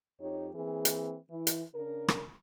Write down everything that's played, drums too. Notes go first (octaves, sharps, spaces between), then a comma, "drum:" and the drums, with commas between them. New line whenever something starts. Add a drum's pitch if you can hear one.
F2 D#4 G4 C#5
E3 A#3 C4 G#4
drum: hi-hat
E3 E4
drum: hi-hat
C#3 D4 A#4
drum: rim click